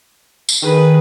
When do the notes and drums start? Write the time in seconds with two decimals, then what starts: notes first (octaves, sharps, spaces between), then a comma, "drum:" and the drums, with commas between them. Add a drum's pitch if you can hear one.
0.49 drum: tambourine
0.62 D#3 G#4 B4